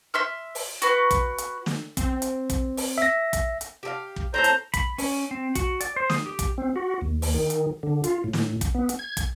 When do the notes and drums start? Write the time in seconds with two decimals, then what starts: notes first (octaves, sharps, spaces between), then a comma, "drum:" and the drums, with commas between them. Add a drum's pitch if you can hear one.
0.14 E5 C6 F6
0.55 drum: open hi-hat
0.82 F#4 B4, drum: hi-hat
1.11 drum: kick, hi-hat
1.38 drum: hi-hat
1.66 drum: snare
1.97 C4, drum: kick, hi-hat
2.22 drum: hi-hat
2.50 drum: kick, hi-hat
2.77 drum: open hi-hat
2.98 E5 A#6
3.33 drum: kick, hi-hat
3.61 drum: hi-hat
3.83 G4 G#4 F5
4.16 drum: kick
4.34 A2 C4 A4 C5 A#5 G6
4.44 drum: hi-hat
4.74 B5, drum: kick, hi-hat
4.98 C#4, drum: open hi-hat
5.31 C4
5.55 F#4, drum: kick, hi-hat
5.80 D5, drum: hi-hat
5.96 C5
6.10 D#6, drum: snare
6.26 G4
6.39 drum: kick, hi-hat
6.58 C4
6.76 F#4
7.01 D#2
7.22 drum: open hi-hat
7.34 D#3
7.50 drum: hi-hat
7.83 D3
8.04 F4, drum: hi-hat
8.24 A2
8.33 drum: snare
8.61 drum: kick, hi-hat
8.75 B3
8.89 drum: hi-hat
8.99 G#6
9.17 drum: kick, hi-hat